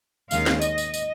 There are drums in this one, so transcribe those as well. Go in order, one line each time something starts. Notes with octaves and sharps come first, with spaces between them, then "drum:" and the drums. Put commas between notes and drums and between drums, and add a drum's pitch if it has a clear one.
D#2 D#3 G#3 C#4 F5, drum: tambourine
drum: snare
D#5, drum: tambourine
drum: tambourine
drum: tambourine